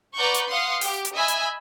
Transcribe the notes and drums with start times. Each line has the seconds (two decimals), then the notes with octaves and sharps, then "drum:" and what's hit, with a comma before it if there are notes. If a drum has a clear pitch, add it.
0.15 B4 D5 F#5 A#5 C#6 G6
0.34 drum: hi-hat
0.49 F5 F#5 C6 D#6
0.81 G4, drum: open hi-hat
1.05 drum: hi-hat
1.15 D#5 E5 G#5 B5 E6
1.28 drum: hi-hat